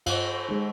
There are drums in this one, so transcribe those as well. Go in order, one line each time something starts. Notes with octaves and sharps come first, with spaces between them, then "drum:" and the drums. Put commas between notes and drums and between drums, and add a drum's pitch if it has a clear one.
G2 F4, drum: cymbal
D#3 G#3